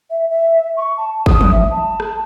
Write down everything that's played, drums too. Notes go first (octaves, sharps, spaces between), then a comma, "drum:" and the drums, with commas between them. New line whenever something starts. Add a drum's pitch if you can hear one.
E5
E5
C#6
A5
D#6, drum: kick
drum: tom
E5
A5
drum: rim click